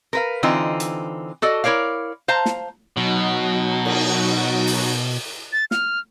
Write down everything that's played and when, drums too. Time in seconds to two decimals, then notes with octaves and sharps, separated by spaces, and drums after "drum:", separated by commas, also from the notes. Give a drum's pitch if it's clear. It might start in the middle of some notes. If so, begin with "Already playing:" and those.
0.13 A#4 B4 F5
0.43 D3 E3 C4 D#4 F4
0.80 drum: hi-hat
1.42 F#4 A4 D5 D#5
1.64 E4 A#4 C#5 D5 F5
2.28 C5 F5 A5 A#5
2.46 drum: snare
2.97 B2 F#3 D#4 F#4
3.85 drum: cymbal
4.67 drum: open hi-hat
5.53 A6
5.71 F6, drum: snare